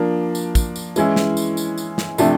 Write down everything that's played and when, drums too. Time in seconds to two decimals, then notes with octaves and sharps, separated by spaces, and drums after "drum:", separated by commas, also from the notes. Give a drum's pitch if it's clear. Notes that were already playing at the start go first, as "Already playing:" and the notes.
Already playing: F3 A#3 D4
0.35 drum: tambourine
0.55 drum: kick, tambourine
0.76 drum: tambourine
0.96 E3 G#3 C#4 E4, drum: tambourine
1.16 drum: snare
1.37 drum: tambourine
1.57 drum: tambourine
1.78 drum: tambourine
1.98 drum: snare
2.18 C3 F3 A3 D4, drum: tambourine